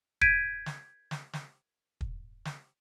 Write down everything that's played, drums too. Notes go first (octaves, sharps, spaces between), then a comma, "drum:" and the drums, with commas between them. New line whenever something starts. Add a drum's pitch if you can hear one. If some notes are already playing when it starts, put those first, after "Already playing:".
G6 G#6 B6 D7 D#7, drum: kick
drum: snare
drum: snare
drum: snare
drum: kick
drum: snare